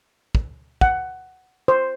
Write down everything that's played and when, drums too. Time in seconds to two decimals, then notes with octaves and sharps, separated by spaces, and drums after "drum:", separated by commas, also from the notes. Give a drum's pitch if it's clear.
0.35 drum: kick
0.81 F#5, drum: kick
1.68 C5